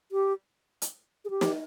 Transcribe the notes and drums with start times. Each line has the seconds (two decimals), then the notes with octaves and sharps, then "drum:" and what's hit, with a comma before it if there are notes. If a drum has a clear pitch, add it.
0.12 G4
0.82 drum: hi-hat
1.25 G#4
1.30 G4
1.41 drum: snare